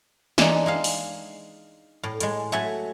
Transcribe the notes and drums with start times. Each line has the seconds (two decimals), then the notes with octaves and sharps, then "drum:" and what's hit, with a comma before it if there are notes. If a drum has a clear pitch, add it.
0.38 E3 G#3 D4 D#4, drum: snare
0.66 G#3 D#5 F5
0.84 drum: open hi-hat
2.03 A2
2.21 A2 G#3, drum: hi-hat
2.52 F#3 A3 E5 G#5